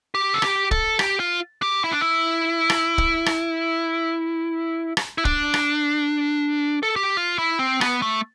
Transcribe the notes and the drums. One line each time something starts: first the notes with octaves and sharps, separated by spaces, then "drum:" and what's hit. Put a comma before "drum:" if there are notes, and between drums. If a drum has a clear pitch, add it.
G4
A4
G4, drum: rim click
A4, drum: kick
G4, drum: rim click
F4
G4
E4
D4
E4
drum: rim click
drum: kick
drum: rim click
drum: rim click
E4
D4, drum: kick
drum: rim click
A4
G4
F4
E4
C4
B3, drum: rim click
A3